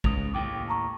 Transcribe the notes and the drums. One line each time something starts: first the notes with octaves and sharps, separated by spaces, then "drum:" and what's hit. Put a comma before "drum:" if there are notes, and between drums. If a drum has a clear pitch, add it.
C#2 G#2 D#6 F7, drum: kick
D#2 A2 G5 D6
A5 A#5 C#6